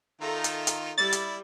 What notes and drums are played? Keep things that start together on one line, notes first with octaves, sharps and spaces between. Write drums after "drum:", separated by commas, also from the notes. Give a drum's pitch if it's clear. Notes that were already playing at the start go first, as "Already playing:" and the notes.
D#3 D#4 F4 A4 E5 A#5
drum: hi-hat
drum: hi-hat
G3 E4 D5 A6
drum: hi-hat